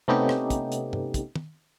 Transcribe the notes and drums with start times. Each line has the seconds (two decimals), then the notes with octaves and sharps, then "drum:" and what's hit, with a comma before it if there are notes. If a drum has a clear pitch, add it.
0.08 C3 A3 B3 C#4 D#4 G4
0.29 drum: rim click
0.50 drum: kick, hi-hat
0.72 drum: hi-hat
0.93 drum: tom G2
1.14 drum: kick, hi-hat
1.36 drum: tom